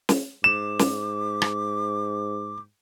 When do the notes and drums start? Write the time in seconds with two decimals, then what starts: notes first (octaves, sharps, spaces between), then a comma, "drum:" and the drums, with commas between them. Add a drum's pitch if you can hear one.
0.09 drum: snare
0.44 G#2 D6 E7
0.79 drum: snare
1.42 drum: rim click